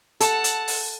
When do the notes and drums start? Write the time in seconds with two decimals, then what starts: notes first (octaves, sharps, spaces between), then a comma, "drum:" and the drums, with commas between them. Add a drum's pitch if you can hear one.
0.20 A4 F#5 A5, drum: hi-hat
0.44 drum: hi-hat
0.68 drum: open hi-hat